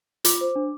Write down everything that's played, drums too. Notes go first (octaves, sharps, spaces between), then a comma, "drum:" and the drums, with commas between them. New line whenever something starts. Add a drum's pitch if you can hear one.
F4 D6, drum: hi-hat
C5
D4